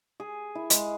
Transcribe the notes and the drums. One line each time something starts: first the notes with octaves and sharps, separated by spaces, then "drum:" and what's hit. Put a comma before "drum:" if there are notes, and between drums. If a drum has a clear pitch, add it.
G#4
E4
G#3, drum: hi-hat